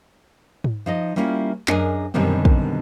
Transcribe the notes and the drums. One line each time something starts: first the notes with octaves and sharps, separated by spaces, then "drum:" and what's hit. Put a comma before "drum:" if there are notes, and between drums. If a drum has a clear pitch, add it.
drum: tom G#2
F3 D#4 D#5
G3 A#3 C#4 E4 F4
F#2 D4 G#4 A#4 D#5 G#5, drum: clap
F#2 B2 D3 D#3 G3 C4
drum: kick